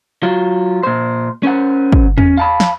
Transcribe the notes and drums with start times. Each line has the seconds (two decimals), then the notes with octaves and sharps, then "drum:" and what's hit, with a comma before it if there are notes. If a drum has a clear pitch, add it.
0.23 F#3 F4
0.83 A#2 C5
1.43 C#4 A#4 C5 F#5
1.92 drum: kick
2.18 C#4, drum: tom E2
2.37 F5 A5 B5
2.60 drum: snare